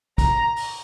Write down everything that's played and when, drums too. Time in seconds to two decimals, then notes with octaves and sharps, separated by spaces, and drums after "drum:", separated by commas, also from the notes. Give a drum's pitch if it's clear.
0.18 A#5, drum: kick, hi-hat
0.56 drum: open hi-hat